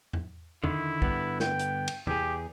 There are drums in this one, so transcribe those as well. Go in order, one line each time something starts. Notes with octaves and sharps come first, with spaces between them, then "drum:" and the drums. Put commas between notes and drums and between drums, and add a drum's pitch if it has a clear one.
drum: tom E2
D3 D#3 E4, drum: tom E2
G2 D3 B3, drum: kick
G5, drum: snare
drum: hi-hat
drum: cymbal
E2 G4 G#4, drum: tom C3